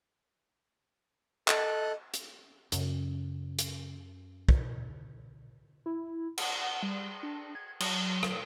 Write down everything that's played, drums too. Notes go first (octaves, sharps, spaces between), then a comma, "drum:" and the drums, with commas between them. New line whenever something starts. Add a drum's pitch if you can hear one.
A4 D#5 F#6, drum: clap
drum: hi-hat
F#2 C#3, drum: hi-hat
drum: hi-hat
drum: kick
E4
F#5, drum: cymbal
G3
D4
G#6
F#3, drum: cymbal
drum: rim click